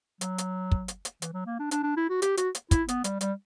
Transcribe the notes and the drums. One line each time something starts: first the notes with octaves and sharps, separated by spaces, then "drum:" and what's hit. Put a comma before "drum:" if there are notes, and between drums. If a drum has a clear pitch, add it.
F#3, drum: hi-hat
drum: hi-hat
drum: kick
drum: hi-hat
drum: hi-hat
E3, drum: hi-hat
F#3
A#3
D4
D4, drum: hi-hat
D4
E4
F#4
G4, drum: hi-hat
F#4, drum: hi-hat
drum: hi-hat
E4, drum: kick, hi-hat
B3, drum: hi-hat
G3, drum: hi-hat
G3, drum: hi-hat